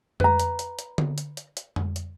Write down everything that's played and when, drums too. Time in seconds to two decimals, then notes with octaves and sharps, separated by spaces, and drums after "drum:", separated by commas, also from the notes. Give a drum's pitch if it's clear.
0.20 B4 A#5, drum: tom F2
0.39 drum: hi-hat
0.59 drum: hi-hat
0.79 drum: hi-hat
0.98 drum: tom D3
1.18 drum: hi-hat
1.37 drum: hi-hat
1.57 drum: hi-hat
1.76 drum: tom F2
1.96 drum: hi-hat